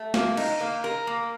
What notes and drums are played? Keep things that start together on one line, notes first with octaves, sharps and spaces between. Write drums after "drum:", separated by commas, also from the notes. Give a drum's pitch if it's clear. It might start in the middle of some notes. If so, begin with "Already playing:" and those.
Already playing: A3
A#3, drum: snare
D#4, drum: cymbal
A#3
A#4
A#3